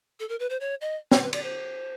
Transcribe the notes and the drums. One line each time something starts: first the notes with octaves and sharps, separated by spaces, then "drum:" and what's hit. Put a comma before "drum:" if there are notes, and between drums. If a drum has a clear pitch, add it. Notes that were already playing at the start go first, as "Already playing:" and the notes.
A4
A#4
B4
C5
C#5
D#5
C#5, drum: snare
B4
D5, drum: cymbal
C5